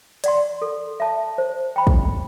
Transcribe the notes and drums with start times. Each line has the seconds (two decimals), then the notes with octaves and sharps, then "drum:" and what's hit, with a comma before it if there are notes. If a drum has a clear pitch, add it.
0.24 D5 F#5 C6, drum: hi-hat
0.62 A4
1.00 E5 A5
1.38 C5
1.76 G5 B5
1.87 drum: kick